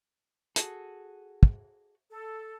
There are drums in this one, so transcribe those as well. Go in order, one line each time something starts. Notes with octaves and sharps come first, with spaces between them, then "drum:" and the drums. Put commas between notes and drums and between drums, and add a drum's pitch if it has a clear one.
F#4 G#4 A4, drum: hi-hat
drum: kick
A4